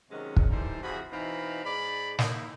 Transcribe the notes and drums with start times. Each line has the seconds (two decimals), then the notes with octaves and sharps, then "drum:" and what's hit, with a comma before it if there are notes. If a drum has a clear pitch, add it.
0.10 C3 D#3 F#3 G#3 C#4
0.37 drum: kick
0.51 D3 E3 G3 D#4 A4 C5
0.83 C3 E3 F3 F#4 G#4 B5
1.12 B2 E3 C4 D#4 F5 B5
1.65 G#2 D5 B5
2.19 A#3 D#4 E4, drum: snare